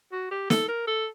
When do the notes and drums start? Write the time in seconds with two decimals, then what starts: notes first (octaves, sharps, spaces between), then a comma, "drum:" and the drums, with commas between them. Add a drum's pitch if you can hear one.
0.12 F#4
0.31 G4
0.50 A4, drum: snare
0.68 A#4
0.88 A4